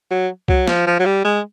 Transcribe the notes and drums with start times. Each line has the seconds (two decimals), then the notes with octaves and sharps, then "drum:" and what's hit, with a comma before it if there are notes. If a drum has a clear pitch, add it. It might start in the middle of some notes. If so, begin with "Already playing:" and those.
0.11 F#3
0.48 F#3, drum: kick C2
0.68 F3, drum: snare
0.86 F3
0.99 F#3
1.06 G3
1.24 G#3